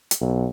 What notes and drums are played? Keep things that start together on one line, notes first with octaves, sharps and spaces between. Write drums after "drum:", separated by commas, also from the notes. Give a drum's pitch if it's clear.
drum: hi-hat
B1